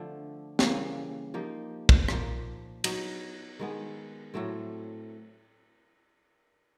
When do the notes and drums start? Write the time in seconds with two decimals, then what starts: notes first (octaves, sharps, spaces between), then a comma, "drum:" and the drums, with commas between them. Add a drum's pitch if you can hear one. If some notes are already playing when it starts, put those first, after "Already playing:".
Already playing: D3 F3 A3 C4 D4
0.59 C#3 E3 G3 A#3, drum: snare
1.34 F3 A#3 D#4 G4
1.89 drum: kick
2.08 A#2 F3 A#3, drum: rim click
2.84 F#3 B3 D#4 F#4, drum: cymbal
3.59 D#3 G#3 B3
4.34 A2 F#3 A3 C4